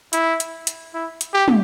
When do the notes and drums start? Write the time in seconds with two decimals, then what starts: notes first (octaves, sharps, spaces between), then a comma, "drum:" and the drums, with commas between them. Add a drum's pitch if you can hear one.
0.13 E4, drum: hi-hat
0.40 drum: hi-hat
0.67 drum: hi-hat
0.94 E4
1.21 drum: hi-hat
1.34 G4
1.48 drum: tom